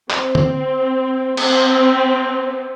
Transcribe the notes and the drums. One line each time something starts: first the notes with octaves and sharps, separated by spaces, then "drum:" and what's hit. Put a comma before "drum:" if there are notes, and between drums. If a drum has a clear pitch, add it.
C4, drum: clap
drum: tom
C4, drum: cymbal